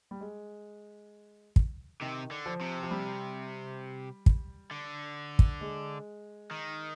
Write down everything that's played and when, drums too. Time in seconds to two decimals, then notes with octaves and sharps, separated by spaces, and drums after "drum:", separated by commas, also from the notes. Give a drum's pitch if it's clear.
0.11 G3
0.21 G#3
1.56 drum: kick
2.01 C3 D#3
2.31 D3
2.46 F3
2.61 C3
2.83 F3
2.91 G3
4.26 drum: kick
4.71 D3
5.39 drum: kick
5.61 G#3
6.51 D#3